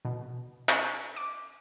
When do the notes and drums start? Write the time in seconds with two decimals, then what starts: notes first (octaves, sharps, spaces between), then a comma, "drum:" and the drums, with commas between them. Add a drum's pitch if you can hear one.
0.05 B2
0.69 C#6, drum: clap
1.16 D6